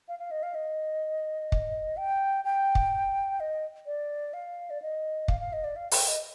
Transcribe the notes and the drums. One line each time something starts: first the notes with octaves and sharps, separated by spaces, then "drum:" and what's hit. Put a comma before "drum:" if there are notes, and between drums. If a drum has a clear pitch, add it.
F5
F5
D#5
F5
D#5
drum: kick
G5
G5
drum: kick
D#5
D5
F5
D5
D#5
F5, drum: kick
F5
D#5
D5
F5
G5, drum: open hi-hat
D#5